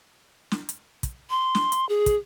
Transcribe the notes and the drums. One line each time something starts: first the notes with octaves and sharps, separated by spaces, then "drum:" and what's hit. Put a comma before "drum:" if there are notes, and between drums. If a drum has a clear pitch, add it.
drum: snare
drum: hi-hat
drum: kick, hi-hat
C6
drum: snare
drum: hi-hat
G#4
drum: kick, hi-hat